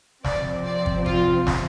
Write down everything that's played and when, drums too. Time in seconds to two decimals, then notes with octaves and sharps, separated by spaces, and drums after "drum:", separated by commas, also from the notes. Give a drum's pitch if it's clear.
0.24 C3 F3 C4 D5, drum: snare
0.65 D5
0.86 drum: kick
1.06 F4, drum: kick
1.47 drum: snare